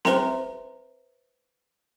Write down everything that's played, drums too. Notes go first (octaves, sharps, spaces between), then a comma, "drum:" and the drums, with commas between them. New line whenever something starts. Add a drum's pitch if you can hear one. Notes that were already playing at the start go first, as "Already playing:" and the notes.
B4 C5 E5 G5 A#5 C6, drum: snare C4